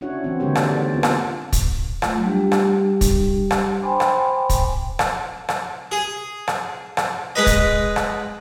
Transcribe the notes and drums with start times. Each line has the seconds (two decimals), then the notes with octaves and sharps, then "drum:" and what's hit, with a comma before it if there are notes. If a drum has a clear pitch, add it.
0.01 C#4 D4 E4 F#4 C#5 F#5
0.24 E3 C4
0.40 D3 G#3 A#3 E4 G4 C#5
0.55 D#3 G#4 D5, drum: rim click
0.75 C5 D5
0.93 A#3 B3 F4
1.03 drum: rim click
1.53 drum: kick, hi-hat
2.02 F#3 A3 F4, drum: rim click
2.22 G3 D4 G4
2.52 drum: rim click
3.01 drum: kick, hi-hat
3.51 drum: rim click
3.82 C5 G5 G#5 B5 C6 D6
4.00 drum: rim click
4.50 drum: kick, hi-hat
4.99 drum: rim click
5.49 drum: rim click
5.92 G#4
6.48 drum: rim click
6.97 drum: rim click
7.36 G#3 B4 D#5
7.47 drum: kick, hi-hat
7.96 drum: rim click